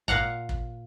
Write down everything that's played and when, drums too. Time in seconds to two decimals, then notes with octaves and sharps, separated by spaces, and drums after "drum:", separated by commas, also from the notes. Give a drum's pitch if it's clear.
0.08 A#2 F5 F#5 A#5, drum: kick
0.49 drum: kick